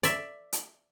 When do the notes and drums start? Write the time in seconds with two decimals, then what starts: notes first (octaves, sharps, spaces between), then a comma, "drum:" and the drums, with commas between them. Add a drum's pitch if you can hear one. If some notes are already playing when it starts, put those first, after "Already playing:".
0.03 D5 E5, drum: hi-hat
0.53 drum: hi-hat